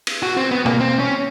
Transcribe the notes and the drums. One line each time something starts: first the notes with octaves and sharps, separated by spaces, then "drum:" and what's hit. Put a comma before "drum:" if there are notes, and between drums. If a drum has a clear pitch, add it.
drum: cymbal
F#4
C4
B3
A#3, drum: tom
C4
C#4